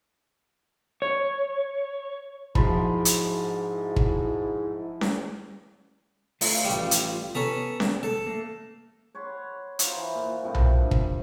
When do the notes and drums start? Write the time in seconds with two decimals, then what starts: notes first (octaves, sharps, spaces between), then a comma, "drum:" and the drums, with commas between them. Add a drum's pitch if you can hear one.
1.02 C#5
2.55 G#2 F3 F#3 E4 B5 C6, drum: kick
3.05 drum: hi-hat
3.96 drum: kick
5.01 drum: snare C#4
6.41 A3 F4, drum: open hi-hat
6.65 A1 G3
6.91 drum: hi-hat
7.35 B3 C#4 A4 A#5
7.80 drum: snare C#4
8.03 A4
8.27 A3 A#3
9.15 C#5 F#5 B5 C6
9.79 F4 F#4 C5 A#5, drum: hi-hat
9.95 E3
10.15 A#2
10.42 A2 C3 F3 G3
10.55 drum: tom B1
10.79 G2
10.91 drum: kick